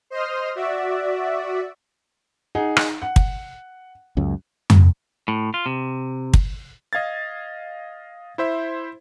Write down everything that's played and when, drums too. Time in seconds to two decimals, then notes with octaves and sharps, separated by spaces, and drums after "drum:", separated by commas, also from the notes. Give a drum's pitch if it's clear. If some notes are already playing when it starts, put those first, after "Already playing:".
0.10 C5 D#5 C6 D#6 F6
0.55 F#4 D5 E5
2.55 D#4 G#4 F#5
2.77 drum: rim click
3.02 F#5
3.16 drum: kick
4.17 C#2 F#2
4.70 drum: tom F2
5.28 A2
5.54 F4
5.66 C3
6.34 drum: kick
6.93 D#5 F5 G#6 A6
8.38 E4 C5 E5